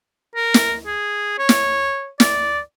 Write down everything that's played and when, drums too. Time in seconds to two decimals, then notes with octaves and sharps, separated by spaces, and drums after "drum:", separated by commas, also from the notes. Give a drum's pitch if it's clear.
0.35 A#4
0.54 drum: snare
0.87 G#4
1.39 C#5
1.49 drum: snare
2.20 D5, drum: snare